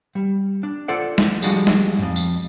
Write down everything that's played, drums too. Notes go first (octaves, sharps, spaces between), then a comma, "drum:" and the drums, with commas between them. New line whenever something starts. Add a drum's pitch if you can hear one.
G3
D4
F4 A4 C5 D5 F#5
drum: snare G#3
F3 G3 G#3 D4 F#4, drum: tambourine
drum: snare G#3
F2 G#2
drum: tambourine